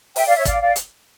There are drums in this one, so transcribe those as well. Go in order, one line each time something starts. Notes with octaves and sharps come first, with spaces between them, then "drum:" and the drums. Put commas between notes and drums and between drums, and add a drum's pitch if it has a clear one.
E5 G5, drum: open hi-hat
D5 F5
C#5 E5
D5 F5, drum: kick, hi-hat
D5 F5
drum: hi-hat